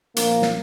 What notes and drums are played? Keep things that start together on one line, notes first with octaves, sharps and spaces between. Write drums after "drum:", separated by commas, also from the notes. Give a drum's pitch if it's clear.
A#2 F3 A#3, drum: hi-hat
drum: snare